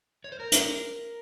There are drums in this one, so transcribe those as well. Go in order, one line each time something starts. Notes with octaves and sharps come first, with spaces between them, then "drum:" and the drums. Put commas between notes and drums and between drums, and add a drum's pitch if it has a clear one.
C#5
C5
A#4
drum: hi-hat